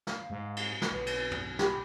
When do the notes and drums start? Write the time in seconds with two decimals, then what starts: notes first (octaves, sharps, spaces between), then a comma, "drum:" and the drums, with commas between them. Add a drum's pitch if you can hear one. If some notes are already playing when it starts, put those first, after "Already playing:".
0.07 F5, drum: snare
0.30 G#2
0.57 drum: cymbal
0.82 drum: snare
0.92 B1 B4
1.06 drum: cymbal
1.31 drum: tom
1.59 G4 B5, drum: snare